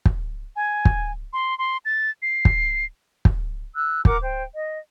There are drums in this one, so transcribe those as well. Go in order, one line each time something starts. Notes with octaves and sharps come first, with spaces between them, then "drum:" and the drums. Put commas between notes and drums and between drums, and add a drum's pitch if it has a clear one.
drum: kick
G#5
drum: kick
C6
C6
A6
C7
drum: kick
drum: kick
E6 F#6
A#4 F#5 D6, drum: kick
C5 G5
D#5